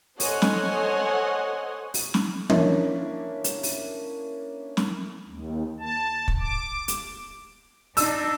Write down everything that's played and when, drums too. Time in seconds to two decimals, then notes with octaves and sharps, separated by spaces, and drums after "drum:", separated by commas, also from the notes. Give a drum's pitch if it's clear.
0.20 A4 C5 C#5 D#5 F#5 G#5, drum: open hi-hat
0.42 drum: snare
1.94 drum: open hi-hat
2.14 drum: snare
2.50 A#3 C#4 D4 E4, drum: tom
3.44 drum: hi-hat
3.63 drum: open hi-hat
4.77 drum: snare
5.28 D#2
5.80 A5
6.28 drum: kick
6.40 D6
6.88 drum: hi-hat
7.97 D4 D#4 E6, drum: open hi-hat